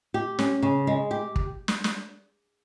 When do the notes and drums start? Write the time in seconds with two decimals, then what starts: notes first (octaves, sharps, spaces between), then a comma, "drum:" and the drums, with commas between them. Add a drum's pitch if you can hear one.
0.14 G4
0.39 C#4, drum: snare
0.63 C#3
0.87 G#3
1.11 G4
1.36 drum: kick
1.68 drum: snare
1.84 drum: snare